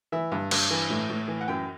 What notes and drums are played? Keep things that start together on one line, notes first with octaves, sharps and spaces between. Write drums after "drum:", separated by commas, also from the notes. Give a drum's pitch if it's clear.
E3 E5
G2
G2, drum: cymbal
E3
A2
A2
E3
F#5
F#2 G5